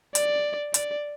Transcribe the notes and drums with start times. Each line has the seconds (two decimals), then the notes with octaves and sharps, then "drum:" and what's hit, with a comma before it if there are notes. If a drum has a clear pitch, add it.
0.15 D5, drum: hi-hat
0.74 D5, drum: hi-hat